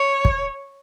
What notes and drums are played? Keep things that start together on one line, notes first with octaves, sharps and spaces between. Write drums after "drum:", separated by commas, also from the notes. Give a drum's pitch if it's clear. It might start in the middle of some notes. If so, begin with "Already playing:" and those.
Already playing: C#5
drum: kick